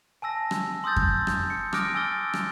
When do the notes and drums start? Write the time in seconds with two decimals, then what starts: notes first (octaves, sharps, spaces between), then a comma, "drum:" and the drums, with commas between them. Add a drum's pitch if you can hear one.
0.22 G#5 A5 E6 A#6
0.51 drum: rim click
0.84 C6 D#6 E6 G6 A6
0.96 drum: kick F2
1.27 drum: rim click
1.50 C#7
1.73 D6 D#6 F6 F#6 A#6 D7, drum: rim click
1.95 G#5 E6 A6 G7
2.33 drum: rim click